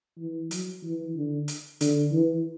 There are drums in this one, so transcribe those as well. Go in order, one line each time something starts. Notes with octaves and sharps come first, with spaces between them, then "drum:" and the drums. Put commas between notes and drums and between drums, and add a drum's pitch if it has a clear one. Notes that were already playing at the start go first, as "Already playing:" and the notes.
E3
F#3, drum: hi-hat
E3
D3
drum: hi-hat
D3, drum: hi-hat
E3